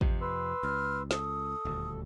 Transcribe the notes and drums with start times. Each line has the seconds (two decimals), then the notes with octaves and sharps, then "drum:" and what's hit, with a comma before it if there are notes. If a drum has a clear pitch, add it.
0.01 F2 C3, drum: kick
0.21 B4 C6 E6
0.63 C#2 F6
1.11 A4 D#6, drum: snare
1.65 D#1 D2